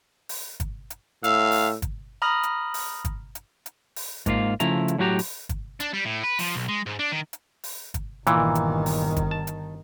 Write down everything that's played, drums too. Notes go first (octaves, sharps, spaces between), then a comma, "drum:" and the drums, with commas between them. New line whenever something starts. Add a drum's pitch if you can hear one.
drum: open hi-hat
drum: kick, hi-hat
drum: hi-hat
A2 F5 E6, drum: hi-hat
drum: open hi-hat
drum: kick, hi-hat
A#5 B5 D#6 F6 A#6
drum: hi-hat
drum: open hi-hat
drum: kick, hi-hat
drum: hi-hat
drum: hi-hat
drum: open hi-hat
G#2 A#3 F4 F5, drum: kick, hi-hat
C#3 F3 A3 E4 A#5, drum: hi-hat
drum: hi-hat
A2 F#3 E4 F#4 G4 A#5
drum: open hi-hat
drum: kick, hi-hat
D4, drum: hi-hat
G3
A2
B4
F3, drum: open hi-hat
B1
G#3
G#2
D4
D#3
drum: hi-hat
drum: open hi-hat
drum: kick, hi-hat
G1 A#2 D#3 E3, drum: hi-hat
drum: hi-hat
drum: open hi-hat
drum: kick, hi-hat
A5
drum: hi-hat